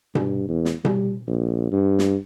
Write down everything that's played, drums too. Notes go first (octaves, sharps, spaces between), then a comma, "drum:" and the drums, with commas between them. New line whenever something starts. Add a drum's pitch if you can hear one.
G2, drum: tom B2
E2
drum: snare
G3, drum: tom B2
A#1
G2
drum: snare